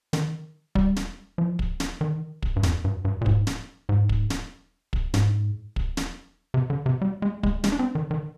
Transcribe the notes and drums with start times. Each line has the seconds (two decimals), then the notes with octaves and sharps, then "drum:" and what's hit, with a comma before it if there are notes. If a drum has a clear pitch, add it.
0.13 D#3, drum: snare
0.75 G3, drum: kick
0.96 drum: snare
1.38 F3
1.59 drum: kick
1.80 drum: snare
2.01 D#3
2.42 drum: kick
2.56 G2
2.63 F2, drum: snare
2.85 G2
3.05 G2
3.21 A#2
3.26 G#2, drum: kick
3.47 drum: snare
3.89 G#2
4.09 drum: kick
4.30 drum: snare
4.93 drum: kick
5.14 G#2, drum: snare
5.76 drum: kick
5.97 drum: snare
6.54 C3
6.70 D3
6.86 C3
7.02 G3
7.22 G#3
7.43 G#3, drum: kick
7.64 G#3, drum: snare
7.72 D4
7.79 C4
7.95 D#3
8.11 D#3